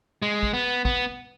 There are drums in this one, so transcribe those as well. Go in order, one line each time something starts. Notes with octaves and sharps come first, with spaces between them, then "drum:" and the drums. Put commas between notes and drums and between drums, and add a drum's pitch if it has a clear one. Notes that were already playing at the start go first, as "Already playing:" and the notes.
G#3
drum: kick
B3
B3, drum: kick